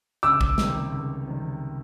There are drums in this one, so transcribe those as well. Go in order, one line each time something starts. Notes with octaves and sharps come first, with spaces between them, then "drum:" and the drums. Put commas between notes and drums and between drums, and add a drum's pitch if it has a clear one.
C#2 D6 E6
drum: kick
C3 D#3 G3, drum: snare
C#2
C3 D#3 G3